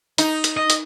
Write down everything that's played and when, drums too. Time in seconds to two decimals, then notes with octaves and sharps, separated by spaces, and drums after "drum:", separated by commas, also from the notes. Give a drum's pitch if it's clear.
0.18 D#4, drum: hi-hat
0.44 drum: hi-hat
0.57 D#5
0.70 drum: hi-hat